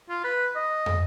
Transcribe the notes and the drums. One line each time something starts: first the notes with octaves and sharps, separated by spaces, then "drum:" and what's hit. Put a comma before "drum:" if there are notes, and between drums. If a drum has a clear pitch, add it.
F4
B4
D#5
drum: tom